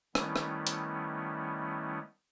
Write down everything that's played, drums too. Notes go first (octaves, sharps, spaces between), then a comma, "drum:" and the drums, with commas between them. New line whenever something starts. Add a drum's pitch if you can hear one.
D#3 G3 A3 B3 C#4 E4, drum: rim click
drum: rim click
drum: hi-hat